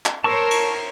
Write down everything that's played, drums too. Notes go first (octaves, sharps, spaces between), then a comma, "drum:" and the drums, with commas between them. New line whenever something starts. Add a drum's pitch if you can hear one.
drum: clap
A#4 C5 C#5 A5 C#6 E6
drum: cymbal